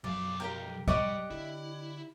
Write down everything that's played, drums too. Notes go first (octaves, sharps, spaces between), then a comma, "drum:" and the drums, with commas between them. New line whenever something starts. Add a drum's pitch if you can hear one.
B1 F#2 F3 D5 F5
G4 A#4 G5 A#5
G3 G4 D5 D#5 F#5 C#6 D6, drum: kick C2
D3 E4